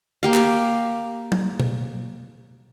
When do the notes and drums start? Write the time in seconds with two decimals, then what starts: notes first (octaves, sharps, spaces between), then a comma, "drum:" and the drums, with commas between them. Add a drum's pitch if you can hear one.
0.23 A#3 G4 F5
0.34 drum: clap
1.32 drum: tom
1.60 drum: tom B2